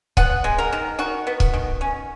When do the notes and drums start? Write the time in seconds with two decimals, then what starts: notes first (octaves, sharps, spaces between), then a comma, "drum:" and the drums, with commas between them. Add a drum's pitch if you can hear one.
0.17 B3 F#5, drum: kick
0.44 G#3
0.58 A#4
0.72 D#3
0.99 D#3 F#4
1.27 B3
1.40 drum: kick
1.54 D#3
1.81 C#4